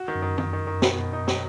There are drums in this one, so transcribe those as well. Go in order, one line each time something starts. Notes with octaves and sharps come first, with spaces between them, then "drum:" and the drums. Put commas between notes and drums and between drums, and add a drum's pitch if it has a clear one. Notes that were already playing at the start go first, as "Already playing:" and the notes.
Already playing: F#4
D#3
F#2
D#3
D#3, drum: tom
D#3
D#3
B2, drum: snare
B2
D#4
F#3, drum: snare